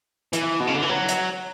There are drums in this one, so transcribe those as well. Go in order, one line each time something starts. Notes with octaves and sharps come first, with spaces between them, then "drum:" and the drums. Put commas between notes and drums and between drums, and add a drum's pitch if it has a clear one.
E3, drum: hi-hat
B2
C#3
D3
E3
F#3
drum: hi-hat